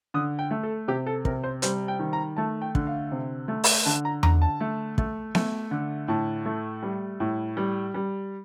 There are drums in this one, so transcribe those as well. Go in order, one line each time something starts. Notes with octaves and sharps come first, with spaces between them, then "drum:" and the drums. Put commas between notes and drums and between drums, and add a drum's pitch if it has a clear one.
D3 D#6
G5
A3
A4
C3 G4
A4
C3 A#4, drum: kick
C5
G3 C5, drum: hi-hat
G5
D#3
A#5
A3 A5
G5
D3, drum: kick
F5
C3
A3
drum: open hi-hat
D3 A5
A#5
D3 A#5, drum: tom E2
A5
A3
A3, drum: kick
A3, drum: snare B3
D3
A2 A5
A3
G3
A2
G3
G3